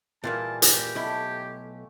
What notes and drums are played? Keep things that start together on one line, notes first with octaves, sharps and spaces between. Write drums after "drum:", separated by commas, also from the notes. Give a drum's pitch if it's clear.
A#2 E3 G3 A#3 F4 G#4 A5
G4, drum: hi-hat
B1 A3 E4